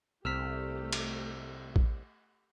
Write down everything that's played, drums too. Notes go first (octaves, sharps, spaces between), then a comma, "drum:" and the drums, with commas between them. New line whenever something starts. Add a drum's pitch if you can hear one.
C2 C3 A3 G4 E6 F6 B6
drum: cymbal
drum: kick